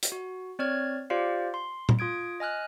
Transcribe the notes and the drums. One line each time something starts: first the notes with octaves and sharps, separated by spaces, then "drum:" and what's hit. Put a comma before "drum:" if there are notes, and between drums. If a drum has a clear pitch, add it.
drum: hi-hat
F#4
C4 C#5 D5 F6 G#6
F4 G4 C5 D5 F5
C6
drum: tom A#2
F4 D#6 G#6 D7
D#5 G#5 F6 F#6